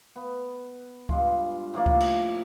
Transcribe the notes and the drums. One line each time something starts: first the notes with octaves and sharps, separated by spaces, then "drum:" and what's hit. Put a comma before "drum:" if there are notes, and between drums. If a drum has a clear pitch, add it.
B3
G2 G#3 F4, drum: kick C#2
A2 F3 A#3 D5
drum: kick C#2
drum: cymbal